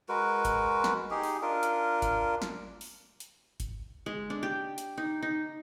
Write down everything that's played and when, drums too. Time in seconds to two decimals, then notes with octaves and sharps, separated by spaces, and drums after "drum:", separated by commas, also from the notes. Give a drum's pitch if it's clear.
0.09 G#3 F#4 A#4 B4
0.45 drum: kick G1, hi-hat
0.84 drum: snare
1.11 D#4 G4 G#4
1.23 drum: open hi-hat
1.42 D4 F4 A#4
1.63 drum: hi-hat
2.02 drum: kick G1, hi-hat
2.42 drum: snare
2.81 drum: open hi-hat
3.20 drum: hi-hat
3.60 drum: kick G1, hi-hat
4.06 G#3
4.30 D4
4.43 G4
4.78 drum: hi-hat
4.97 D#4
5.22 D#4